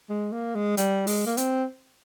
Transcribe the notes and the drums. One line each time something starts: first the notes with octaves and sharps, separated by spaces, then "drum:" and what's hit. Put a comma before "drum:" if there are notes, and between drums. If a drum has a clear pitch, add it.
G#3
A#3
G#3
G3, drum: hi-hat
G#3, drum: open hi-hat
A#3
C4, drum: hi-hat